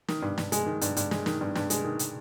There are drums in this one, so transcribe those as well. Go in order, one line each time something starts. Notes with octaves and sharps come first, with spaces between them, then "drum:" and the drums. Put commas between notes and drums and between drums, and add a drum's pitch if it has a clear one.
D#3, drum: snare
G2
G2, drum: snare
G#3, drum: hi-hat
D#3
G2, drum: hi-hat
G2, drum: hi-hat
G#3, drum: snare
D#3, drum: snare
G2
G2, drum: snare
G#3, drum: hi-hat
D#3
drum: hi-hat